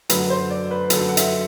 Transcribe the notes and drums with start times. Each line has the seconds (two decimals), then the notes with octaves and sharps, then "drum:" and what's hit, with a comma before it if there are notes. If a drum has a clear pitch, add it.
0.10 F#2 D3 F#3 B4, drum: hi-hat
0.30 C5
0.50 D5
0.71 B4
0.90 F#2 D3 F#3 A4, drum: hi-hat
1.09 F#5
1.17 E5, drum: hi-hat